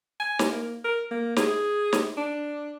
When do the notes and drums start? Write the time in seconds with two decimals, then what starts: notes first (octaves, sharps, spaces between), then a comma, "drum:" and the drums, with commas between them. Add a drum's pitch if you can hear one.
0.20 G#5
0.39 drum: snare
0.52 A#3
0.85 A#4
1.11 A#3
1.36 G#4, drum: snare
1.93 drum: snare
2.17 D4